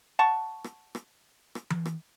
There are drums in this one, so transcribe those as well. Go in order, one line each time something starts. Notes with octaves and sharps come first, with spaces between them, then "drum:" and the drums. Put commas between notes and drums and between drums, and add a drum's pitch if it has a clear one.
F#5 A5 C#6
drum: rim click
drum: rim click
drum: rim click
drum: tom E3
drum: rim click